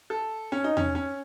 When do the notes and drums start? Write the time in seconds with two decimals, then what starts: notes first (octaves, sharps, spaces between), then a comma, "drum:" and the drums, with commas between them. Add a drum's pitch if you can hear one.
0.10 A4
0.52 C#4
0.64 D#4
0.77 C#4, drum: tom E2
0.95 C#4